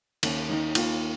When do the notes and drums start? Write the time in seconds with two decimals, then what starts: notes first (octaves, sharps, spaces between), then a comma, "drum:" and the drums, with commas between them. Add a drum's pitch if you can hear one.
0.23 D#2 C#4, drum: cymbal
0.49 D#3 D#4
0.75 D#2 F4, drum: cymbal